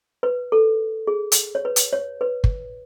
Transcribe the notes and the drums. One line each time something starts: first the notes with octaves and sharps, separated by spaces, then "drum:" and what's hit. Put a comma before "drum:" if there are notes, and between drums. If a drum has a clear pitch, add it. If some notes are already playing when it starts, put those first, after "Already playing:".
B4
A4
G#4
drum: hi-hat
C#5
B4
drum: hi-hat
C#5
B4
drum: kick